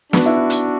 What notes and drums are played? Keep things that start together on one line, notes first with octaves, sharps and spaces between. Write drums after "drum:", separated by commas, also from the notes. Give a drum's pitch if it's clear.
B3 D4 F#4, drum: snare
E4
drum: hi-hat